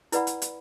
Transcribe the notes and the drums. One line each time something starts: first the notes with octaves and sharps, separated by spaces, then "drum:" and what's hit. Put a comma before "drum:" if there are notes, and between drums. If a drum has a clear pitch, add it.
E4 B4 D5 F#5 B5, drum: hi-hat
drum: hi-hat
drum: hi-hat